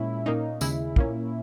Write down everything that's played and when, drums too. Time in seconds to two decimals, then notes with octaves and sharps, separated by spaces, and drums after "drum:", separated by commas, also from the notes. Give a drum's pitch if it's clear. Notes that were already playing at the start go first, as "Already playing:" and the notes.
Already playing: A#2 G#3 C#4 E4
0.26 A#2 A#3 C#4 D#4
0.61 D#2 C#3 G#3 E4, drum: tambourine
0.96 A#2 A#3 C#4, drum: kick